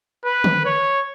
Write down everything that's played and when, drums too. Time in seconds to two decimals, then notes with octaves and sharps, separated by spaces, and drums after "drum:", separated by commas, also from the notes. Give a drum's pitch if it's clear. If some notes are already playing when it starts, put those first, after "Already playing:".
0.25 B4
0.44 drum: tom D3
0.65 C#5